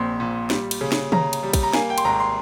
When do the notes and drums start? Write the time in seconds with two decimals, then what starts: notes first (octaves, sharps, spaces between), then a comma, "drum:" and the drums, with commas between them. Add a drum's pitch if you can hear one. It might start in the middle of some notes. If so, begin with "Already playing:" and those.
Already playing: A#1 A#2 C4 C6
0.20 A#2
0.50 G3, drum: snare
0.71 drum: cymbal
0.81 C#3
0.92 drum: snare
1.12 C#3 A#5, drum: tom
1.33 drum: cymbal
1.43 G3
1.54 drum: kick, cymbal
1.63 A#5
1.73 A#3 G#5, drum: snare
1.90 G5
1.98 C6, drum: cymbal
2.05 G#1 A#5
2.20 C6